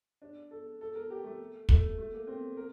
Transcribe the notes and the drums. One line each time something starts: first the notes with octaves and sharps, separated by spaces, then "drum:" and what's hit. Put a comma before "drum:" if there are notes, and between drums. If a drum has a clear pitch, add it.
D4
A4
A4
A#4
G4
A3
A3, drum: kick
A3
A#3
C4
A#4